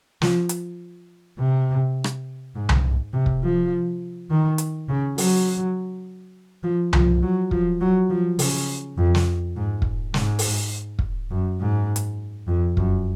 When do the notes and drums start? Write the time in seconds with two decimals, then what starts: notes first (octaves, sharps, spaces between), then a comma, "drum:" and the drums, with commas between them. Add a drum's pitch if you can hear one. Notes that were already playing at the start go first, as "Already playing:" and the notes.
0.22 F3, drum: snare
0.49 drum: hi-hat
1.39 C3
2.04 drum: rim click
2.55 G#2
2.69 drum: tom C2
3.13 C3
3.26 drum: kick
3.43 F3
4.30 D#3
4.58 drum: hi-hat
4.88 C#3
5.18 F#3, drum: open hi-hat
6.63 F3
6.93 F3, drum: tom C2
7.22 F#3
7.51 F3, drum: kick
7.81 F#3
8.10 F3
8.39 C#3, drum: open hi-hat
8.98 F2
9.15 drum: snare
9.56 G#2
9.82 drum: kick
10.14 G#2, drum: snare
10.39 drum: open hi-hat
10.99 drum: kick
11.31 F#2
11.60 G#2
11.96 drum: hi-hat
12.47 F2
12.77 F#2, drum: kick